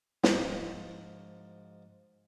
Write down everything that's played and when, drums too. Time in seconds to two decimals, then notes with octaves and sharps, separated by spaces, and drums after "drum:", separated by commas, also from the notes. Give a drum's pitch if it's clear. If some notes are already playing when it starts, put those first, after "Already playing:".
0.24 G#2 F3 F#4 A#4 C5 A#5, drum: snare